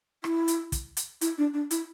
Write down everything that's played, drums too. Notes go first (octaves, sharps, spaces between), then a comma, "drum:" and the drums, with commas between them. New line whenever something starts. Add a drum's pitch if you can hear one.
E4, drum: rim click
drum: hi-hat
drum: kick, hi-hat
drum: hi-hat
E4, drum: hi-hat
D4
D4
E4, drum: hi-hat